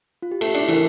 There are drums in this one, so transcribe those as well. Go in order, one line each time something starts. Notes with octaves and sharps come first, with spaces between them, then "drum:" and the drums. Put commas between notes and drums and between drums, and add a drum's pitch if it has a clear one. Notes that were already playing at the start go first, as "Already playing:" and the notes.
F4
G4
A3 A4, drum: cymbal
D4, drum: cymbal
E4
E3 A#4, drum: cymbal